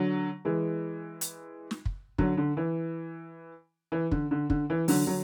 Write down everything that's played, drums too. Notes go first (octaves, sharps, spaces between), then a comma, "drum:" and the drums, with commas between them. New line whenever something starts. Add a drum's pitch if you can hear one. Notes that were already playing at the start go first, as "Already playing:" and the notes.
Already playing: D3 F#3
E3 G#3
drum: hi-hat
drum: snare
drum: kick
D3 F#3, drum: kick
D3
E3
E3
D3, drum: kick
D3
D3, drum: kick
E3
D3 F#3, drum: open hi-hat
D3 F#3